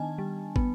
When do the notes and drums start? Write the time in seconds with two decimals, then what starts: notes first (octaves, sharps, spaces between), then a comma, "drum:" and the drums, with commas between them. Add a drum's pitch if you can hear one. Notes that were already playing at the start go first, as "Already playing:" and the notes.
Already playing: D#3 B3 D4 G#5 A5
0.18 G3
0.56 B3, drum: kick